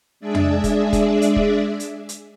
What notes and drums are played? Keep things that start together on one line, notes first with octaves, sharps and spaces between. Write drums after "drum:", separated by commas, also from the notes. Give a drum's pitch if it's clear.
G#3 D4 G#4 D5 E5
drum: tom F2
drum: kick, hi-hat
drum: kick, hi-hat
drum: hi-hat
drum: kick
drum: hi-hat
drum: hi-hat